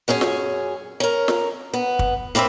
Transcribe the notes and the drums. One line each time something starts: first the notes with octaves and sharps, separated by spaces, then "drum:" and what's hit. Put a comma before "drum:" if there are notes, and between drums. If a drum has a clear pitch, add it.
F#2 C#4 G#4 G#5
drum: snare
C#4 A#4
drum: snare
B3
drum: kick
A#3 C4 B4 C#5 E5